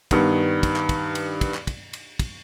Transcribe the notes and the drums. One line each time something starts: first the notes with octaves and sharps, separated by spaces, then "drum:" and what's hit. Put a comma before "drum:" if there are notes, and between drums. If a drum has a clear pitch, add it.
G2 D#3 B3, drum: kick, cymbal
drum: kick, cymbal
drum: clap
drum: kick, cymbal
drum: cymbal
drum: kick, cymbal
drum: clap
drum: kick, cymbal
drum: cymbal
drum: kick, cymbal